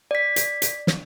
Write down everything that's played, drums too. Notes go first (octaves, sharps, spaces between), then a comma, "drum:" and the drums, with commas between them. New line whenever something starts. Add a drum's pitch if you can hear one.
D5 B6
drum: hi-hat
drum: hi-hat
drum: snare